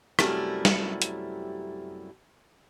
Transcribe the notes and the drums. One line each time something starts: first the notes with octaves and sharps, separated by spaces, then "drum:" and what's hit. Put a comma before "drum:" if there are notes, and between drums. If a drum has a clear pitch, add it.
F#2 C3 G3 A3 E4 A#4, drum: rim click
drum: snare
drum: hi-hat